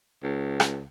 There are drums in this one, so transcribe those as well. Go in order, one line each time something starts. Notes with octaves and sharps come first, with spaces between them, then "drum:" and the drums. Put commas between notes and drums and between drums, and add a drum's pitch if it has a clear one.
C#2
drum: rim click